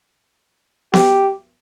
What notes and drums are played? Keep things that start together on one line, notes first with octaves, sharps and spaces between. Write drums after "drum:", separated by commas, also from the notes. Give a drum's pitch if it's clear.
G4, drum: snare B3